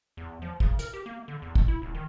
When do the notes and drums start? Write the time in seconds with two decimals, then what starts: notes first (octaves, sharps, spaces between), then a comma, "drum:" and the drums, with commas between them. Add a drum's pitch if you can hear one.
0.17 E2
0.42 F3
0.60 C#3, drum: kick
0.79 A#4, drum: hi-hat
0.94 G4
1.06 A#3
1.28 D3
1.42 E2
1.55 D#1, drum: kick
1.68 E4
1.82 D#1
1.95 D#3